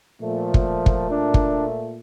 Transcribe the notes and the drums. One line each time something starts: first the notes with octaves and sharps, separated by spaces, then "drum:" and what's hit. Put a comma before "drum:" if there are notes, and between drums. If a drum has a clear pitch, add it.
A#2 F3 A3
drum: kick
drum: kick
D4
drum: kick